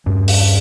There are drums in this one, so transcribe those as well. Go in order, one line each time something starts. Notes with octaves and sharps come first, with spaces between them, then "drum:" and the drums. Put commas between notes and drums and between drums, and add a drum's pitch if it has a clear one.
G2 C#4
drum: open hi-hat